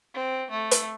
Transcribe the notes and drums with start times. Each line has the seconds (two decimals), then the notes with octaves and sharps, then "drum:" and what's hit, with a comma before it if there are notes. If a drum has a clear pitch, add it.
0.14 C4
0.50 A3
0.71 drum: hi-hat